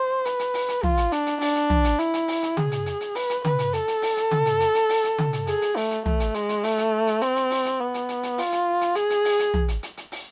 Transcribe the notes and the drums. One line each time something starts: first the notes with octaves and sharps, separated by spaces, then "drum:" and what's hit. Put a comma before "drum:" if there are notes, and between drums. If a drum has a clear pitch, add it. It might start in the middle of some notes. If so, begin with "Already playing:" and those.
Already playing: C5
B4, drum: hi-hat
drum: hi-hat
drum: open hi-hat
drum: hi-hat
F4, drum: tom
drum: hi-hat
D4, drum: hi-hat
drum: hi-hat
D4, drum: open hi-hat
drum: hi-hat
drum: tom
drum: hi-hat
E4, drum: hi-hat
drum: hi-hat
drum: open hi-hat
drum: hi-hat
G#4, drum: tom C#3
drum: hi-hat
drum: hi-hat
drum: hi-hat
B4, drum: open hi-hat
drum: hi-hat
B4, drum: tom C#3
drum: hi-hat
A4, drum: hi-hat
drum: hi-hat
drum: open hi-hat
drum: hi-hat
drum: tom C#3
drum: hi-hat
drum: hi-hat
drum: hi-hat
drum: open hi-hat
drum: hi-hat
drum: tom C#3
drum: hi-hat
G#4, drum: hi-hat
drum: hi-hat
A3, drum: open hi-hat
drum: hi-hat
A3, drum: tom
drum: hi-hat
G#3, drum: hi-hat
drum: hi-hat
A3, drum: open hi-hat
drum: hi-hat
drum: hi-hat
C4, drum: hi-hat
drum: hi-hat
drum: open hi-hat
drum: hi-hat
B3
drum: hi-hat
drum: hi-hat
drum: hi-hat
F4, drum: open hi-hat
drum: hi-hat
drum: hi-hat
G#4, drum: hi-hat
drum: hi-hat
drum: open hi-hat
drum: hi-hat
drum: tom
drum: hi-hat
drum: hi-hat
drum: hi-hat
drum: open hi-hat